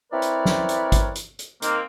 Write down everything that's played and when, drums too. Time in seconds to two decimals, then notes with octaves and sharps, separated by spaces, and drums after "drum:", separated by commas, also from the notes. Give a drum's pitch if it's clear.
0.13 C4 E4 A#4 B4 C#5 D5
0.22 drum: hi-hat
0.45 drum: snare
0.69 drum: hi-hat
0.92 drum: kick, hi-hat
1.15 drum: hi-hat
1.39 drum: hi-hat
1.62 D#3 A#3 C4, drum: hi-hat